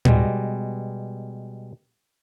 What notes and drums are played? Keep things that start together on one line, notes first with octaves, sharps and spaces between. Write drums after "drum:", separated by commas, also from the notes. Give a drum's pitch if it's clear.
B2 G3 G#3, drum: tom A2